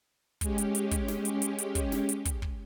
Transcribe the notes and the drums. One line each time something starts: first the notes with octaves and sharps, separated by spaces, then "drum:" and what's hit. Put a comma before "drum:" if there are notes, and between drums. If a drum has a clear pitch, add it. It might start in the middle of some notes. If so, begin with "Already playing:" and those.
G#3 C#4 G4, drum: kick, hi-hat
drum: hi-hat
drum: hi-hat
drum: kick, hi-hat
drum: snare
drum: hi-hat
drum: hi-hat
drum: hi-hat
drum: kick, hi-hat
drum: snare
drum: hi-hat
drum: kick, hi-hat
drum: kick